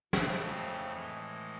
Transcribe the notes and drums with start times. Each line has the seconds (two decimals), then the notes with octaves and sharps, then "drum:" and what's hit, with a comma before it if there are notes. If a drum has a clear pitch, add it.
0.13 F2 C#3 F3 A3 C4, drum: snare
0.92 A2 E3 G#3